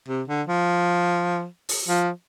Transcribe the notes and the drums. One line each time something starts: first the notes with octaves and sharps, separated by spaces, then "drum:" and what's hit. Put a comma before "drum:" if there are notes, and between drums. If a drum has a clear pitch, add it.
C3
D3
F3
drum: open hi-hat
F3